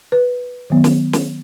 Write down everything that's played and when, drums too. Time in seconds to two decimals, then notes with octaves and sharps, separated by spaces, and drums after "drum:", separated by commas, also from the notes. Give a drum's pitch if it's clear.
0.12 B4
0.70 D#3 F#3 B3
0.84 drum: snare
1.13 drum: snare